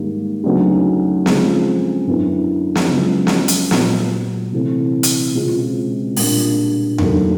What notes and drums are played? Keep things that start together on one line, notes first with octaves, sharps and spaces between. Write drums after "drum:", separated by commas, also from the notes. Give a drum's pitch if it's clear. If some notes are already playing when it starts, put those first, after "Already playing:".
Already playing: G#2 D#3 G3 A#3
D2 C#3 F#3 B3 D#4
C#3 F3 G#3 C4, drum: snare
F#2 D3 F#3 B3 E4
drum: snare
C#2 C#3 F#3 B3
drum: snare
drum: hi-hat
A#2 F#3 B3, drum: snare
C3 E3 A3 C4
drum: hi-hat
C#2 B2 G#3 C4 F4
A#2 G3 A#3 D4, drum: open hi-hat
D#2 D3 F#3 A3, drum: tom E2